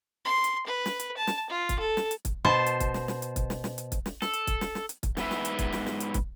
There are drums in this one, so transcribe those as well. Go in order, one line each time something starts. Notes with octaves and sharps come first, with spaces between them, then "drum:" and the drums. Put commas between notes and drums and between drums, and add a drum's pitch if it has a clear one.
C6
drum: hi-hat
B4
drum: snare
drum: hi-hat
A5
drum: snare
F4
drum: kick, hi-hat
A4
drum: snare
drum: hi-hat
drum: kick, hi-hat
B2 C5 A5
drum: hi-hat
drum: kick, hi-hat
drum: snare
drum: snare
drum: hi-hat
drum: kick, hi-hat
drum: snare
drum: snare
drum: hi-hat
drum: kick, hi-hat
drum: snare
A4, drum: snare
drum: hi-hat
drum: kick, hi-hat
drum: snare
drum: snare
drum: hi-hat
drum: kick, hi-hat
G#2 B3 B4 E5, drum: snare
drum: snare
drum: hi-hat
drum: kick, hi-hat
drum: snare
drum: snare
drum: hi-hat
drum: kick, hi-hat